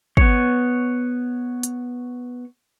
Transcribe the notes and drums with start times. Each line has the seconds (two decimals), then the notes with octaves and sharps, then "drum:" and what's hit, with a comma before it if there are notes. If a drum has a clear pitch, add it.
0.17 B3 C#5, drum: kick
1.63 drum: hi-hat